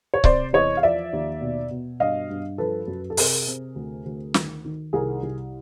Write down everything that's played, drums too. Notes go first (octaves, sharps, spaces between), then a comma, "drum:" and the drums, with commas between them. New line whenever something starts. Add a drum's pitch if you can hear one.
C#5
C3 C5 D5, drum: kick C#1
E2 C#5 D#5
F5
F3 D5 E5
D#2
B2
B2
G2 D#5 F5
G2
F3 A4 B4
F#2
A4
C3 G#4 A#4, drum: open hi-hat
C3
D2
D2
D#3, drum: snare
D#3
C2 G#4 A#4
C2